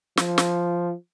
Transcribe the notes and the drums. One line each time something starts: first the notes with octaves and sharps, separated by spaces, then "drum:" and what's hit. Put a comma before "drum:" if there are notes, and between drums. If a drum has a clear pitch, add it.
F3, drum: snare
drum: snare